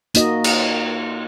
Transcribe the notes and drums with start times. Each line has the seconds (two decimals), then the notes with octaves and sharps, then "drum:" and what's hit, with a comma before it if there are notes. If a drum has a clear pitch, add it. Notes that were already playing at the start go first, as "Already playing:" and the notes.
0.15 A#3 D#4 F#4 D#5, drum: hi-hat
0.44 drum: cymbal